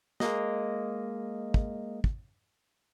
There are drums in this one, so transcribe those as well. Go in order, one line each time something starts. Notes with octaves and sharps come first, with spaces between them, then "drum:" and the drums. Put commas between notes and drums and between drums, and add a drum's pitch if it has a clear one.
G#3 A#3 D#5, drum: snare
drum: kick
drum: kick